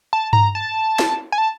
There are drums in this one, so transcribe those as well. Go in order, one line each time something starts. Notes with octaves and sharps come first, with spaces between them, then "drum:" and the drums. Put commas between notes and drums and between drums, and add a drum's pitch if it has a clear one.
A5
A#5, drum: tom G2
A5
drum: snare
G#5
A5